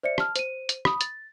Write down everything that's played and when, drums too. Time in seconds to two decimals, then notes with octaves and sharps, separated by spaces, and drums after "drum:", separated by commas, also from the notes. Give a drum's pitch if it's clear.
0.03 C5 D5 E5 C#7
0.18 A5 F6, drum: rim click
0.36 C5 D#7, drum: hi-hat
0.69 drum: hi-hat
0.85 B5 D#6, drum: rim click
1.01 A6, drum: hi-hat